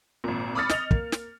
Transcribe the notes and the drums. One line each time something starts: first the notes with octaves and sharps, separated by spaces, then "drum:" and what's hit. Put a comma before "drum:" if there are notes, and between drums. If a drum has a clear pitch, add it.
G#1 A#2
B5 D6 D#6 F6 A6 C#7
D#5 F7, drum: snare
A#3, drum: kick
drum: snare